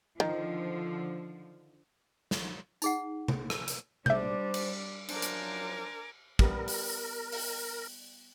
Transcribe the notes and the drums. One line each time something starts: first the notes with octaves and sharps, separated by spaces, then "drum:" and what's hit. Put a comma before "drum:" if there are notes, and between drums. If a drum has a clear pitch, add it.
D3 D#3 F3
drum: snare
D#4 G#4 F#5, drum: tambourine
drum: tom C3
drum: rim click
drum: hi-hat
G3 D4 C5 D5 E5 G6, drum: tom C3
drum: cymbal
F#2 F3 F#3 D4 A#4 C5 G#5 D6, drum: cymbal
drum: hi-hat
G3 B3 A#4, drum: kick
drum: open hi-hat
drum: open hi-hat